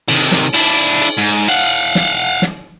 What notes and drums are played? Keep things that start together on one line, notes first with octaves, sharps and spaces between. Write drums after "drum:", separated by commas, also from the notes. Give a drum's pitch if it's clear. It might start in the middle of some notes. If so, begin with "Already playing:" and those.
C3 D#3, drum: cymbal
drum: snare
D4 E4, drum: cymbal
drum: cymbal
G#2
F5 F#5, drum: cymbal
drum: snare
drum: snare